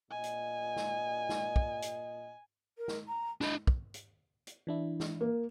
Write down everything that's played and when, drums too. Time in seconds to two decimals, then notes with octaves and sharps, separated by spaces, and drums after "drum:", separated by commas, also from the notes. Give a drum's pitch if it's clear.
0.11 A#2 D#5 G#5
0.23 drum: hi-hat
0.76 drum: snare
1.29 drum: snare
1.56 drum: kick
1.82 drum: hi-hat
2.77 A#4
2.88 drum: snare
3.07 A#5
3.41 D4 D#5 B5, drum: snare
3.67 drum: kick
3.94 drum: hi-hat
4.47 drum: hi-hat
4.67 E3 D4 E4
5.00 drum: snare
5.21 A#3